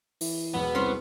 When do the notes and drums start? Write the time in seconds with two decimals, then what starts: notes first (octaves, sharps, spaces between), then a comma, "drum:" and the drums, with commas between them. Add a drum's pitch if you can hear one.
0.21 E3, drum: open hi-hat
0.54 E1 F#3 B3
0.75 C2 C#4 C5